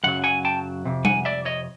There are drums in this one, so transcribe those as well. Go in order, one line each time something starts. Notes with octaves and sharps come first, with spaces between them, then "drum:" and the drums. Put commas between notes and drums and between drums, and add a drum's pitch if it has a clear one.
F#2 C#3 F#3 F#5
F#5 G#5
G5 A5
F2 C3
F#5 G#5, drum: tom G3
D5 E5
C#5 D#5